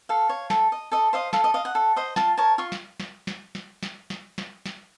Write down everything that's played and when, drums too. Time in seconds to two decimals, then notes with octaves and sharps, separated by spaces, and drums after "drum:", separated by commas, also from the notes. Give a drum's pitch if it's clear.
0.09 A4 F5
0.29 C#5
0.50 A4, drum: snare
0.72 D#5
0.92 A4 D#5
1.13 C5 D#5 F5
1.33 A4 F5, drum: snare
1.44 D#5
1.54 D#5 F5
1.65 F#5
1.75 A4
1.96 C5 D#5
2.16 F4 A5, drum: snare
2.38 A#4 C#5 A5
2.58 F4 C#6
2.72 drum: snare
3.00 drum: snare
3.27 drum: snare
3.55 drum: snare
3.83 drum: snare
4.10 drum: snare
4.38 drum: snare
4.66 drum: snare